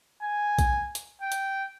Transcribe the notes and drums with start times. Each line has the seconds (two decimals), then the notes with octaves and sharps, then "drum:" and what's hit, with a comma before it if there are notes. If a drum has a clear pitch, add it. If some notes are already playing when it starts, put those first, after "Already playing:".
0.22 G#5
0.59 drum: kick A#1, hi-hat
0.95 drum: hi-hat
1.21 G5
1.32 drum: hi-hat